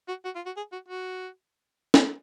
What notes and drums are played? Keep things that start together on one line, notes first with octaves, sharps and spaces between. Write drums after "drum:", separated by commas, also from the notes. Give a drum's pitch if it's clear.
F#4
F#4
F4
F#4
G#4
F#4
F#4
drum: snare